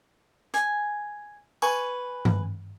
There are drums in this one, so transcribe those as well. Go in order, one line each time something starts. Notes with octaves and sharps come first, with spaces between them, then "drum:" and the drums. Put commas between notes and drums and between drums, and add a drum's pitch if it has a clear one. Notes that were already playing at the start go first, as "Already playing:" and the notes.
G#5, drum: hi-hat
B4 G#5 C#6, drum: tambourine
drum: tom G2